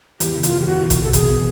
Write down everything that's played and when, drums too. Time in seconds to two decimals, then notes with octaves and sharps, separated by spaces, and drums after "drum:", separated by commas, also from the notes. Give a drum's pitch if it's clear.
0.20 E2 G4, drum: hi-hat
0.36 F#1
0.43 F4, drum: hi-hat
0.51 F#1
0.61 G4
0.66 E2 F#4
0.82 E1 F4
0.90 F#4, drum: kick A1, hi-hat
0.98 E1
1.03 A4
1.13 B2 G#4, drum: kick A1, hi-hat
1.30 B3